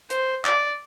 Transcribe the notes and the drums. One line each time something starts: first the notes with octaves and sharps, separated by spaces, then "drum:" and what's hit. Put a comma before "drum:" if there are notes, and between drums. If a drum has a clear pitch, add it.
C5, drum: hi-hat
D5, drum: clap